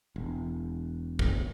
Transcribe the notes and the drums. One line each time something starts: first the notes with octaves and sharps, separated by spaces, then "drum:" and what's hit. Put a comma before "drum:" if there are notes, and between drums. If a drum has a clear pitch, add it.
E1
drum: kick